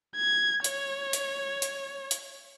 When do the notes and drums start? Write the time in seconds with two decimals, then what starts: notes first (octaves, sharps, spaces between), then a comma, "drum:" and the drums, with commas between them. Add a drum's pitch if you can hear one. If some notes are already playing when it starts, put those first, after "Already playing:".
0.16 G#6
0.64 C#5, drum: hi-hat
1.13 drum: hi-hat
1.62 drum: hi-hat
2.11 drum: hi-hat